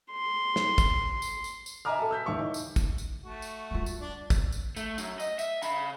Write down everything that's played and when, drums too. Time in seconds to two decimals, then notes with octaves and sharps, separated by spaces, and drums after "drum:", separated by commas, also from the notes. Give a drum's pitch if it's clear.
0.12 C6
0.56 drum: snare
0.78 drum: kick, tambourine
1.22 drum: tambourine
1.44 drum: tambourine
1.66 drum: tambourine
1.85 D#5 E5 G#5 A#5 D6 F6
1.99 A4 A5
2.11 E6 G6 B6
2.26 D#1 A1 E4 C#6 D6
2.38 D#4
2.54 drum: tambourine
2.76 drum: kick, tambourine
2.98 drum: tambourine
3.24 A3 F#4
3.42 drum: tambourine
3.71 G3 F4
3.86 drum: tambourine
4.01 D4
4.30 drum: kick, tambourine
4.52 drum: tambourine
4.77 A3, drum: tambourine
4.98 F#2, drum: tambourine
5.20 D#5, drum: tambourine
5.39 E5, drum: tambourine
5.63 C#3 B5, drum: tambourine